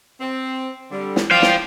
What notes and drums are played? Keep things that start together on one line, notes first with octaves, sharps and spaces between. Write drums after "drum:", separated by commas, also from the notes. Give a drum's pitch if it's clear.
C4
D3 G3
drum: snare
C5 D5 F5 G5
drum: snare